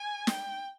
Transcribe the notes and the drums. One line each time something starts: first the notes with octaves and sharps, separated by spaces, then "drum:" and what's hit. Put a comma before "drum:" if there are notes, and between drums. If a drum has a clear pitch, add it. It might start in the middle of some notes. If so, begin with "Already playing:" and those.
Already playing: G#5
G5, drum: snare